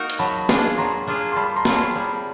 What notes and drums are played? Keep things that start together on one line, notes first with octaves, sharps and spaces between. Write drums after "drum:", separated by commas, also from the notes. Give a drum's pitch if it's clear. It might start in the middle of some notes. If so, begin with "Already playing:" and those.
Already playing: A#3 D#4 F#4 A#4
drum: hi-hat
F#3 A5 B5
A#3 D4 F4 G#4, drum: snare
F#3 A#5 C6
A#3 D4 F4 G#4
C6
G3 A5 B5
A#5 C6
C4 F4 G#4 C#5, drum: snare
A5 B5
G3